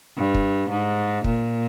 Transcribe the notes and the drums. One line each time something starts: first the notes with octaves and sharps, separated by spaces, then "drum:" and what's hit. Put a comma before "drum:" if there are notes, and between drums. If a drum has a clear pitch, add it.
G2
drum: kick
G#2
A#2, drum: kick